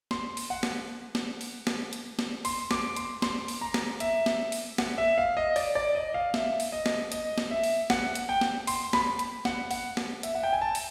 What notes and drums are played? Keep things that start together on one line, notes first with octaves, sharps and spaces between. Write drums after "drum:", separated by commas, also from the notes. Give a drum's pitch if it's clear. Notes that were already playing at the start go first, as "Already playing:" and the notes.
C6, drum: snare
drum: open hi-hat
F#5
drum: snare
drum: snare
drum: open hi-hat
drum: snare
drum: hi-hat
drum: snare
C6, drum: open hi-hat
D6, drum: snare
C6, drum: hi-hat
C6, drum: snare
drum: open hi-hat
A#5
drum: snare
E5, drum: hi-hat
drum: snare
drum: open hi-hat
F#5, drum: snare
E5
F5
D#5
D5, drum: open hi-hat
D5
D#5
F5
E5, drum: snare
drum: open hi-hat
D#5
drum: snare
D#5, drum: hi-hat
drum: snare
E5
drum: open hi-hat
F#5, drum: snare
drum: hi-hat
G5
drum: snare
C6, drum: open hi-hat
B5, drum: snare
drum: hi-hat
F#5, drum: snare
F#5, drum: open hi-hat
drum: snare
E5, drum: hi-hat
F#5
G5
G#5
A5
drum: open hi-hat